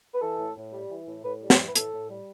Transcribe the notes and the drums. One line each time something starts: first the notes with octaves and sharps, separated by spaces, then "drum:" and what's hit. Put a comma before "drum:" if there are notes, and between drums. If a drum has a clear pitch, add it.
B4
E3 A4
A2
A2
G3
E3
A2
A2 B4
G3
C#5, drum: snare
E3
B4
A2 A4, drum: hi-hat
A2
G3